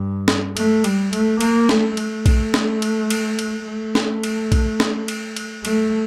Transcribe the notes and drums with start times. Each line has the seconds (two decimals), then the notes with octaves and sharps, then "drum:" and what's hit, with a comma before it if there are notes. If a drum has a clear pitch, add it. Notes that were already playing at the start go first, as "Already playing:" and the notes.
Already playing: G2
0.28 drum: snare C#4
0.57 A3, drum: cymbal
0.84 G3, drum: cymbal
1.13 A3, drum: cymbal
1.41 A#3, drum: cymbal
1.69 A3, drum: snare C#4
1.97 A3, drum: cymbal
2.26 drum: kick A#1, cymbal
2.54 drum: snare C#4
2.82 drum: cymbal
3.10 drum: cymbal
3.39 drum: cymbal
3.67 A3
3.95 drum: snare C#4
4.23 drum: cymbal
4.52 drum: kick A#1, cymbal
4.80 drum: snare C#4
5.08 drum: cymbal
5.36 drum: cymbal
5.65 A3, drum: cymbal